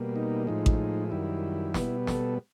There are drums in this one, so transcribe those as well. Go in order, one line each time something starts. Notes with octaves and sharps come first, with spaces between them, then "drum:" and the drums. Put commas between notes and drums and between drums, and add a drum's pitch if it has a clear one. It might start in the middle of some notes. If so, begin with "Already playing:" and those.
Already playing: B2 G3 A#3
D#4
A2 F3 G#3 D#4
drum: kick A1
F#2 D#3 G3 E4
B2 G3 B3, drum: snare
A4, drum: snare